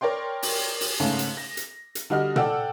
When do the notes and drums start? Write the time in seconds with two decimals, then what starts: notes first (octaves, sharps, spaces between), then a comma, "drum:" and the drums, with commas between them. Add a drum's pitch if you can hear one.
0.01 A#4 C#5 D5 G5 C6
0.42 drum: open hi-hat
0.81 drum: open hi-hat
1.00 G#2 C#3 A3 C#4
1.19 drum: hi-hat
1.37 A#6
1.57 drum: hi-hat
1.95 drum: hi-hat
2.10 D3 G3 F#4 D#5 F6
2.36 A4 D5 F#5 G5 E6, drum: tom A#2